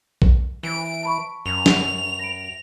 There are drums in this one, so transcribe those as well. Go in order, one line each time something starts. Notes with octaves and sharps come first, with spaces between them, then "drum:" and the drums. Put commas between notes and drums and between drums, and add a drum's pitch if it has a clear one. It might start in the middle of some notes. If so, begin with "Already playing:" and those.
drum: kick
E3 D7
A5 B5 C#6
F#2 F7
drum: snare
A#6 D7